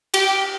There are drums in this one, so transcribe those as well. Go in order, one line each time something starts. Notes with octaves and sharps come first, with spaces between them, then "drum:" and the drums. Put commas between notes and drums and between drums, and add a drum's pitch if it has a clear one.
G4, drum: cymbal